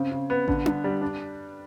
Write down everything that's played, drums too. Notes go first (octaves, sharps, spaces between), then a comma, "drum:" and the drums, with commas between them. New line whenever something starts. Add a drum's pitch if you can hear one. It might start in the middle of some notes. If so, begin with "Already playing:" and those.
Already playing: C#3 C4
C#3
B3
D3, drum: kick A1
D3, drum: tom D4
G3
D4